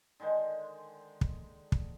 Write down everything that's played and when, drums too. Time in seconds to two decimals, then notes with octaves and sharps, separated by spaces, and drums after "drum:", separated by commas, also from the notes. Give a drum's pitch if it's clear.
0.20 D3 D#3 G#3 C5
1.21 drum: kick
1.72 drum: kick